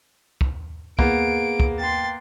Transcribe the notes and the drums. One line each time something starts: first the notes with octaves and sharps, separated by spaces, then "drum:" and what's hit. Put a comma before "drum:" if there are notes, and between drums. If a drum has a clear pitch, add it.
drum: kick
A#3 B3 G#4 D7, drum: kick
drum: kick
G5 C6 A6